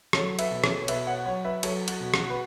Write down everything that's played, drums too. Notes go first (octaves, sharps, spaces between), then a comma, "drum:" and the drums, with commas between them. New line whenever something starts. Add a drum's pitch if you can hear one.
F#3 A4 C#5, drum: rim click
B4 E5, drum: cymbal
B2
A4 C#5, drum: rim click
C#5
B2 B4 E5, drum: cymbal
C#5 F#5
F#3 C#5 F#5
B4 E5
F#3 A4 C#5, drum: cymbal
F#4, drum: cymbal
B2
F#4, drum: rim click
B4